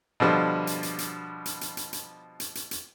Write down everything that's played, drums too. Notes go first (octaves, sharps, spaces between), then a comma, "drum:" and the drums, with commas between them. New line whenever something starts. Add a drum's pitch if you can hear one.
B2 D3 F3 G3
drum: hi-hat
drum: hi-hat
drum: hi-hat
drum: hi-hat
drum: hi-hat
drum: hi-hat
drum: hi-hat
drum: hi-hat
drum: hi-hat
drum: hi-hat